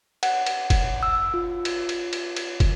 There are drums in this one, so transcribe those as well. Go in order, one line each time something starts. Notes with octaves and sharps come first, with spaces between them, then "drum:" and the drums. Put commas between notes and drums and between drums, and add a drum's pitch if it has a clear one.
F#5, drum: cymbal
drum: cymbal
drum: kick, cymbal
E6
F4
drum: cymbal
drum: cymbal
drum: cymbal
drum: cymbal
drum: kick, cymbal